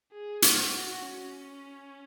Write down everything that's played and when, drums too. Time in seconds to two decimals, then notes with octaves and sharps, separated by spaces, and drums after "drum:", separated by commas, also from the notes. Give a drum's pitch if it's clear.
0.12 G#4
0.42 F#4, drum: hi-hat
0.72 F#4
1.02 C#4